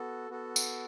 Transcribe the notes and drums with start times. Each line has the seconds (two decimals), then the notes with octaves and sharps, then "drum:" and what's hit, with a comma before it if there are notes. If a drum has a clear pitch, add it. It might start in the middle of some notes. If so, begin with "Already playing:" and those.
Already playing: B3 F#4 A4
0.29 B3 F#4 A4
0.56 drum: tambourine